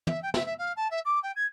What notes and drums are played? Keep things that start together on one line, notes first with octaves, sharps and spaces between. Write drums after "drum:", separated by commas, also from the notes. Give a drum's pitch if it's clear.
E5, drum: tom
G5
E5, drum: snare
E5
F5
A5
E5
D6
G5
G#6